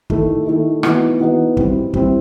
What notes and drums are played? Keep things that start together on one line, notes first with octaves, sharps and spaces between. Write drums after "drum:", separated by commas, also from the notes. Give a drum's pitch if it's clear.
D#3 A3 E4, drum: kick
D#3 A3 E4
E3 B3 D#4 F#4, drum: rim click
E3 B3 D#4 F#4
G3 C4 E4, drum: kick
G3 C4 E4, drum: kick